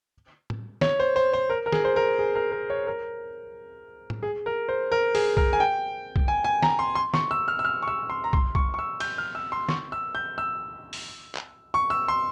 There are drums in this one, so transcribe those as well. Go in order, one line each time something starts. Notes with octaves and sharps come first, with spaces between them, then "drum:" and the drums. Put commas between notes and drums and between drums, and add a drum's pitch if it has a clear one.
drum: tom A2
C#5, drum: snare
C5
C5
C5
A#4
A#4
G#4, drum: snare
C5
A#4
G#4
A#4
A#4
C#5
A#4
drum: tom A2
G#4
A#4
C5
A#4
G#4, drum: open hi-hat
A#4, drum: kick
G#5
G5
drum: kick
G#5
G#5
A#5, drum: snare
C6
C6
C#6, drum: snare
E6
F6
E6
F6
C#6
E6
C6
A#5
C6, drum: kick
C#6, drum: kick
C#6
E6
G6, drum: cymbal
F6
E6
C6
C#6, drum: snare
E6
G6
E6
drum: open hi-hat
drum: clap
C#6
E6
C6